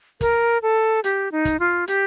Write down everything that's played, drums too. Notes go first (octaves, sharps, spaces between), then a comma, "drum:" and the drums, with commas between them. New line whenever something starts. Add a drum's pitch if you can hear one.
A#4, drum: kick, hi-hat
A4
G4, drum: hi-hat
D#4
drum: kick, hi-hat
F4
G4, drum: hi-hat